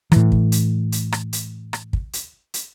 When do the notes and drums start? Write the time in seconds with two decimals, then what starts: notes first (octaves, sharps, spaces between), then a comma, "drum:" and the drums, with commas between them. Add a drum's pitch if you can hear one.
0.12 A2 E3, drum: rim click
0.32 drum: kick
0.52 drum: hi-hat
0.92 drum: hi-hat
1.12 drum: rim click
1.33 drum: hi-hat
1.73 drum: rim click
1.93 drum: kick
2.13 drum: hi-hat
2.54 drum: hi-hat